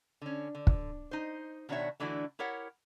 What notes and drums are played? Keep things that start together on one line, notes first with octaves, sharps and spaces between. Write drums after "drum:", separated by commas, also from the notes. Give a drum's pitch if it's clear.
D3 C#4
D3
drum: kick
D#4 C5
B2 D#3 D4 F#4 C#5 E5
D3 E3 A3 D4 E4 F#4
E4 G4 A#4 C#5 F#5